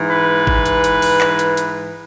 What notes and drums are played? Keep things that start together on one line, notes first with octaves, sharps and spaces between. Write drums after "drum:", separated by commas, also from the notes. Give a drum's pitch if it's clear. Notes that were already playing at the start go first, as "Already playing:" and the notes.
Already playing: G#2 E3
B4
drum: kick G#1
drum: hi-hat
drum: hi-hat
drum: open hi-hat
drum: clap
drum: hi-hat
drum: hi-hat